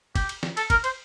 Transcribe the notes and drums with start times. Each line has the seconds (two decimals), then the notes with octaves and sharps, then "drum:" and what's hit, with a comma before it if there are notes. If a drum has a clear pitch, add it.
0.15 G4, drum: kick, cymbal
0.29 drum: cymbal
0.43 drum: snare
0.57 A4, drum: cymbal
0.70 A#4, drum: kick, cymbal
0.84 C5, drum: cymbal